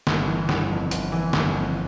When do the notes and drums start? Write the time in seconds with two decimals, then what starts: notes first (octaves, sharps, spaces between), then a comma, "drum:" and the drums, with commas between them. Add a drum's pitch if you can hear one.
0.07 G1, drum: snare
0.28 E3
0.49 G1, drum: snare
0.71 F2
0.91 G1, drum: hi-hat
1.12 E3
1.33 G1, drum: snare
1.55 F2